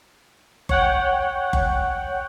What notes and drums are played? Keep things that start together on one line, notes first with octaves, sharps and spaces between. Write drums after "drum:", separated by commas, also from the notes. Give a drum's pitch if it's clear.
C#5 F#5 G5, drum: kick F#1
drum: kick F#1